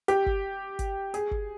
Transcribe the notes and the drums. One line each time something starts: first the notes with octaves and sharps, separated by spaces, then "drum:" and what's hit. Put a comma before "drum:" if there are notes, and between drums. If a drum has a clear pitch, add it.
G4, drum: hi-hat
drum: kick G1
drum: kick G1, hi-hat
G#4, drum: hi-hat
drum: kick G1